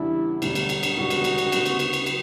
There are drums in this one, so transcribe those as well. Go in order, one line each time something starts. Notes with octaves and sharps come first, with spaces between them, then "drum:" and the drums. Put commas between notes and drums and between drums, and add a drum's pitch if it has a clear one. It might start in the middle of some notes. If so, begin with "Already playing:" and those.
Already playing: E2 C#3 E3 G3 D4 E4
E1 D2 D3 G3, drum: cymbal
drum: cymbal
drum: cymbal
drum: cymbal
E1 D2 C#3 G3 B3 F#4
drum: cymbal
drum: cymbal
drum: cymbal
D2 C#3 G3 B3, drum: cymbal
drum: cymbal
drum: cymbal
drum: cymbal
F#3, drum: cymbal